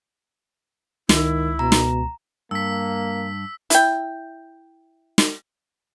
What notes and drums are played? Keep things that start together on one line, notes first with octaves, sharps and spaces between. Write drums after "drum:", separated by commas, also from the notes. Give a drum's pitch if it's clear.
C#2 D#3 E4, drum: snare
B2 A#5
drum: snare
G2 A#3 E6 B6
E4 G5, drum: hi-hat
drum: snare